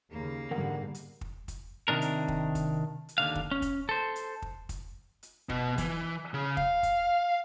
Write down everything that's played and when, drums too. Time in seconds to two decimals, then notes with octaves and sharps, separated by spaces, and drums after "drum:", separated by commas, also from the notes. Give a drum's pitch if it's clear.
0.11 D#2 C#3 A#3
0.51 E2 G#2 D3 G3 A#4 F#5
0.95 drum: hi-hat
1.21 drum: kick
1.48 drum: kick, hi-hat
1.88 C3 D#3 D4 A#4
2.02 drum: hi-hat
2.28 drum: kick
2.55 drum: kick, hi-hat
3.09 drum: hi-hat
3.18 D#2 D3 F5
3.35 drum: kick
3.51 C#4
3.62 drum: kick, hi-hat
3.89 A4 C5
4.16 drum: hi-hat
4.42 drum: kick
4.69 drum: kick, hi-hat
5.23 drum: hi-hat
5.49 B2, drum: kick
5.78 E3, drum: kick, hi-hat
6.34 C#3
6.57 F5, drum: kick
6.83 drum: kick, hi-hat